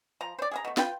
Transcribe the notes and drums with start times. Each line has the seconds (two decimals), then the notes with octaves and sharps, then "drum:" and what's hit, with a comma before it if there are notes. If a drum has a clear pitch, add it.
0.21 F3 A#5
0.39 C5 D5
0.51 G#4 F5 A#5
0.65 B2 A3
0.77 F4 B4 G5, drum: snare